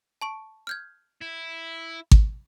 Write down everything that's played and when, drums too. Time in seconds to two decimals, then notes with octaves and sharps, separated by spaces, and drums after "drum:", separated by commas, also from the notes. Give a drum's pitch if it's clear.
0.22 A5 C#6 D7
0.67 F6 G6 G#6
1.21 E4
2.11 drum: kick G#1